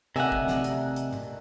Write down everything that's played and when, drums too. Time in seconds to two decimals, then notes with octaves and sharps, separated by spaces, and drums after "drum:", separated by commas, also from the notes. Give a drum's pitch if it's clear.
0.16 C3 D#3 A3 D5 E5 F#5 G#5
0.32 drum: kick
0.48 drum: snare
0.64 drum: hi-hat
0.96 drum: hi-hat
1.13 drum: tom A2